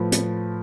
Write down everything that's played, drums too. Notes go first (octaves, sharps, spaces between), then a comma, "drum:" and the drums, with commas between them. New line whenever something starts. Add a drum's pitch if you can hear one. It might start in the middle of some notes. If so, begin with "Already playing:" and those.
Already playing: A2 F3 A3 F4 B4
drum: hi-hat